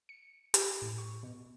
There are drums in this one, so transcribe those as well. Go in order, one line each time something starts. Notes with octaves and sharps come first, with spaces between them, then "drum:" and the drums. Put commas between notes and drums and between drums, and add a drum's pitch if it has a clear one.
C#7
G4, drum: hi-hat
A2
C#6
B2